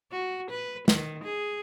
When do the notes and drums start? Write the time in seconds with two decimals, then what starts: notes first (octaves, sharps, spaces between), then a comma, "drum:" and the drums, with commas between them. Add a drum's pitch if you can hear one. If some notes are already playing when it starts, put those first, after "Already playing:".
0.12 F#4
0.50 B4
0.88 D#3, drum: snare
1.24 G#4